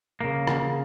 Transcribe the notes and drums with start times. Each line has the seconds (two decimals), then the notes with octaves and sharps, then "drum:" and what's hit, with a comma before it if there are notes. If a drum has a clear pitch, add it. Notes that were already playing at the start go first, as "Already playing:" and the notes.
0.21 C#3 A#3
0.47 drum: rim click